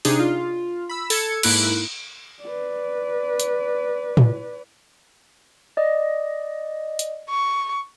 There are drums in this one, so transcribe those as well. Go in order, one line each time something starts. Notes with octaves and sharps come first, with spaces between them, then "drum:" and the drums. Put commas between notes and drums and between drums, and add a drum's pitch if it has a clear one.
C3 D4 D#4 G#4, drum: open hi-hat
F4
B5 E6
A4 A5 G#6 C#7, drum: open hi-hat
G#2 A#3 E4 F#6 D7, drum: cymbal
B4 D5
drum: hi-hat
drum: tom A2
D5 D#5
drum: hi-hat
C#6